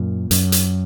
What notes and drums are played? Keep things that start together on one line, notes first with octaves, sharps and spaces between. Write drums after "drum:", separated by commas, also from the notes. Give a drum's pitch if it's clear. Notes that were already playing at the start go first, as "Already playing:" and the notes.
Already playing: F#2 A#2
F#2, drum: hi-hat
drum: hi-hat